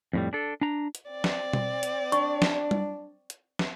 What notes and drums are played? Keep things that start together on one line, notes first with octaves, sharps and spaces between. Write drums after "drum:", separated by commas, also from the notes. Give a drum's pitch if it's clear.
F2 A2 G3
D4 A4
D4 A#5
drum: hi-hat
C4 D5
drum: snare
drum: tom B2
drum: hi-hat
D4 C#6, drum: hi-hat
drum: snare
drum: tom G3
drum: hi-hat
drum: snare